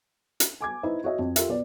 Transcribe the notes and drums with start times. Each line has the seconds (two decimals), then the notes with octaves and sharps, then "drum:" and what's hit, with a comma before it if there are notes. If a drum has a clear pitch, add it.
0.40 drum: hi-hat
0.61 G#5 D6 G#6
0.83 D#4 E4 B4 C5 D#5
1.04 F#4 C#5 D#5 E5
1.19 F2
1.36 F4 G4 A4 A#4 E5, drum: hi-hat
1.49 B1 B4 D5